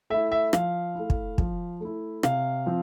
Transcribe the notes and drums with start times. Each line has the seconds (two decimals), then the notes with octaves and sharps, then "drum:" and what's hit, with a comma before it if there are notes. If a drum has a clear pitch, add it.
0.10 A3 E4 E5
0.32 E5
0.53 F3 F5, drum: rim click
0.95 A3 E4
1.10 drum: kick
1.38 F3, drum: kick
1.81 A3 E4
2.23 C3 F5, drum: rim click
2.66 F3 C4 F4